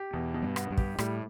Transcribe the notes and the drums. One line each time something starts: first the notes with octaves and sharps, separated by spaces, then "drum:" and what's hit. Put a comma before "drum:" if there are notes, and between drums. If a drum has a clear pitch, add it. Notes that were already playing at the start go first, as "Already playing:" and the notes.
Already playing: G4
E2 B2
B2
G2
B3, drum: rim click
G2
G4, drum: kick
A2 G3, drum: rim click